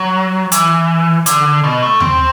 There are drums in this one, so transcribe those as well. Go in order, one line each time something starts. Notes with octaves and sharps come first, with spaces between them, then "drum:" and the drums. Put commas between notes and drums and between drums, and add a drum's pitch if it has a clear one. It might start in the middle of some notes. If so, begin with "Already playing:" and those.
Already playing: F#3
E3, drum: hi-hat
D3, drum: hi-hat
B2
A3
C4, drum: tom D#2